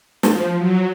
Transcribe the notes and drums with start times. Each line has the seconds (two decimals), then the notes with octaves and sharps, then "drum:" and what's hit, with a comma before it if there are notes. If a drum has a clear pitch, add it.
0.23 F3, drum: snare
0.56 F#3